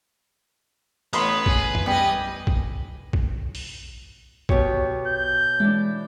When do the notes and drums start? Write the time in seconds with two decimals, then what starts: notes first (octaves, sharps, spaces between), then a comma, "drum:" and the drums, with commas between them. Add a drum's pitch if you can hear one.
1.13 A1 B3 B4 C#5 B5 C6 D#6, drum: hi-hat
1.46 G#4, drum: kick
1.75 drum: tom
1.86 G3 B3 G4 D#5 G#5
2.47 drum: kick
3.13 drum: kick
3.55 drum: open hi-hat
4.49 B2 G4 C#5, drum: kick
5.07 G6
5.60 E3 G#3 D4